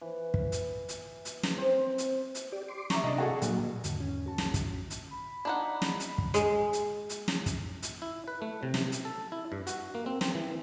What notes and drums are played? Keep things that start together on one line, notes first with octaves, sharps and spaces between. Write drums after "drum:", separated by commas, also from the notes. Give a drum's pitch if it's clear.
E3
drum: kick
drum: hi-hat
drum: hi-hat
drum: hi-hat
drum: snare
C4
drum: hi-hat
drum: hi-hat
G4 D5
C6 D6
E5 A#5 C#6, drum: snare
C3 D4 D#5
F#4 G#4 A4
D#1 A#2 F#3, drum: hi-hat
E2 G#2 D3 D#3, drum: hi-hat
C#4
D#2 F#4 A5
A#1, drum: snare
drum: kick, hi-hat
drum: hi-hat
B5
D4 D#4 F#5
drum: snare
drum: hi-hat
drum: kick
G#3, drum: hi-hat
drum: hi-hat
drum: hi-hat
drum: snare
drum: kick, hi-hat
drum: hi-hat
E4
B4
A3
C3
drum: snare
drum: hi-hat
A4
E4
G2
F#4, drum: hi-hat
A#3
C4
C4, drum: snare
E3